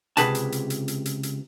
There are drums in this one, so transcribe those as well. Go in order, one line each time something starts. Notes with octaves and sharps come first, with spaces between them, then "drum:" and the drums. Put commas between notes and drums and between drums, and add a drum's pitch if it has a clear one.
C#2 C3 G#4 B4 F#5 A5, drum: hi-hat
drum: hi-hat
drum: hi-hat
drum: hi-hat
drum: hi-hat
drum: hi-hat
drum: hi-hat